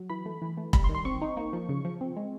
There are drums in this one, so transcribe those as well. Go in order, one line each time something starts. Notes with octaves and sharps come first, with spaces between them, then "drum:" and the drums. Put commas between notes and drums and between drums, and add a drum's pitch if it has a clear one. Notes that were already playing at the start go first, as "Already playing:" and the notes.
Already playing: F#3
E3 B5
A3
E3
A3
G3 B5, drum: kick
C6
D#3
C6
C4 C#6
D#4
A#3
F3
C#3
F3
C4
G#3